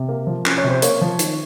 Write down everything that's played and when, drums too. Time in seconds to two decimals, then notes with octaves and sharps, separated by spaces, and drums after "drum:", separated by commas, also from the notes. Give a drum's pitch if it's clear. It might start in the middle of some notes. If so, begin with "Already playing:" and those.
Already playing: C3
0.09 A#3
0.27 F3
0.46 C#4, drum: clap
0.58 C#5
0.64 C3
0.70 C5
0.82 A#3 C#5, drum: hi-hat
1.01 F3
1.19 D#3, drum: hi-hat